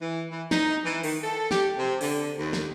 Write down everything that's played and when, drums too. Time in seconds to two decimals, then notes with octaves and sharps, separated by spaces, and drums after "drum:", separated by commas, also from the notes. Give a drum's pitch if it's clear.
0.01 E3
0.30 E3
0.51 D#4, drum: snare
0.84 E3
1.03 D#3, drum: open hi-hat
1.23 A4
1.51 G4, drum: snare
1.78 C3
2.01 D3, drum: open hi-hat
2.37 D#2
2.53 drum: snare